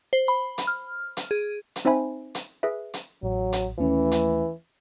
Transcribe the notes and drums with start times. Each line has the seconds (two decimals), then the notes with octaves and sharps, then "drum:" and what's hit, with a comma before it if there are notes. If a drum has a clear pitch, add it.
0.13 C5
0.28 B5
0.58 drum: hi-hat
0.67 F6
1.17 drum: hi-hat
1.31 G#4
1.76 drum: hi-hat
1.85 C4 D#4 C5 E5 G#5 B5
2.35 drum: hi-hat
2.63 G#4 B4 E5
2.94 drum: hi-hat
3.23 A1 F#3
3.53 drum: hi-hat
3.79 D#2 E3 A3 C#4
4.11 drum: hi-hat